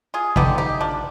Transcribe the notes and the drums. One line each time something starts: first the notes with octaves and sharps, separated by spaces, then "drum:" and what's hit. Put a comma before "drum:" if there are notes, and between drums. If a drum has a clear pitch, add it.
F4 G#4
D3 G3 B3 D#4 G4, drum: kick
D#4 G4
D4 F4